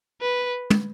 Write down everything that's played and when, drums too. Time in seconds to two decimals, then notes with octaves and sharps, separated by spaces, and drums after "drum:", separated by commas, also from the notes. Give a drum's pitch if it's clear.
0.21 B4
0.70 drum: tom